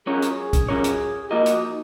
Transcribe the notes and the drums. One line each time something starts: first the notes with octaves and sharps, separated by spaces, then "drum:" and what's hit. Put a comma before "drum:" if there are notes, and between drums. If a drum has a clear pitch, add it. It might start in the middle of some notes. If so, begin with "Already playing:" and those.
F#3 C#4 F4 G#4 A#4 C#5
drum: hi-hat
G#4
drum: kick, hi-hat
F#3 C#4 F4 G#4 A#4 C#5
drum: hi-hat
G#4
F3 A#3 F4 F#4 A#4 D#5
F#4, drum: hi-hat
D#4